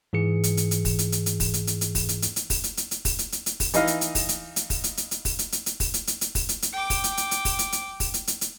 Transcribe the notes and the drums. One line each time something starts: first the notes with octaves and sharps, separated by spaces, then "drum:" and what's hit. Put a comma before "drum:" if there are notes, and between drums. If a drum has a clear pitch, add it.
G#2 E3 G#4 C#7
drum: hi-hat
drum: hi-hat
drum: hi-hat
drum: kick, open hi-hat
drum: hi-hat
drum: hi-hat
drum: hi-hat
drum: kick, open hi-hat
drum: hi-hat
drum: hi-hat
drum: hi-hat
drum: kick, open hi-hat
drum: hi-hat
drum: hi-hat
drum: hi-hat
drum: kick, open hi-hat
drum: hi-hat
drum: hi-hat
drum: hi-hat
drum: kick, open hi-hat
drum: hi-hat
drum: hi-hat
drum: hi-hat
drum: kick, open hi-hat
E3 D#4 D#5 F5, drum: hi-hat
drum: hi-hat
drum: hi-hat
drum: kick, open hi-hat
drum: hi-hat
drum: hi-hat
drum: kick, open hi-hat
drum: hi-hat
drum: hi-hat
drum: hi-hat
drum: kick, open hi-hat
drum: hi-hat
drum: hi-hat
drum: hi-hat
drum: kick, open hi-hat
drum: hi-hat
drum: hi-hat
drum: hi-hat
drum: kick, open hi-hat
drum: hi-hat
drum: hi-hat
G5 D6
drum: kick, open hi-hat
drum: hi-hat
drum: hi-hat
drum: hi-hat
drum: kick, open hi-hat
drum: hi-hat
drum: hi-hat
drum: kick, open hi-hat
drum: hi-hat
drum: hi-hat
drum: hi-hat